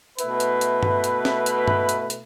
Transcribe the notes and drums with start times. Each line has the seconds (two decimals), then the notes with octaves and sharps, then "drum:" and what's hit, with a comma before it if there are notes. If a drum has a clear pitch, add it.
0.19 B2 A3 E4 B4, drum: hi-hat
0.40 drum: hi-hat
0.61 drum: hi-hat
0.83 drum: tom G2
1.04 drum: hi-hat
1.25 drum: snare
1.46 drum: hi-hat
1.68 drum: tom G2
1.89 drum: hi-hat
2.10 drum: hi-hat